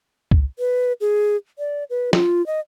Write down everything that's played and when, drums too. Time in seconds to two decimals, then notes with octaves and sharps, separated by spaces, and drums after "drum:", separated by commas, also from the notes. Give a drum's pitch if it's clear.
0.31 drum: kick C#2
0.59 B4
1.01 G#4
1.59 D5
1.90 B4
2.13 F4, drum: snare
2.47 D#5